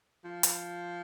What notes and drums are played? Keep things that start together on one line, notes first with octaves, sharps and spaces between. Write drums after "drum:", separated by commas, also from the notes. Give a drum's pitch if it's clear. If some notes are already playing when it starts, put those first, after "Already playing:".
F3
drum: hi-hat